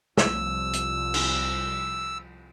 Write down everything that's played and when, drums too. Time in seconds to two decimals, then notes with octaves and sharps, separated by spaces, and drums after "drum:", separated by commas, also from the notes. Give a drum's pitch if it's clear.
0.18 C2 F3 E6, drum: snare
0.73 drum: hi-hat
1.14 drum: cymbal